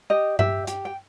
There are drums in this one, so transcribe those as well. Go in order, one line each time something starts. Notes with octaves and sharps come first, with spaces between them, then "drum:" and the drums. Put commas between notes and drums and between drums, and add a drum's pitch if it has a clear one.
G4 D#5
G4 E5, drum: tom G2
G4, drum: hi-hat
G5